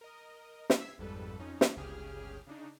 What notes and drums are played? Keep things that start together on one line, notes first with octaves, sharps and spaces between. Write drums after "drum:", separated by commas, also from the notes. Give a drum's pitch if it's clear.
A#4 D#5
drum: snare
E5 E6 G#6 B6 C7
G#1 F2 G#2 G3 A4 B4
F2 C#4 D#4
drum: snare
G1 C#2 C#3 G4 G#4 F6
C#3 D4 D#4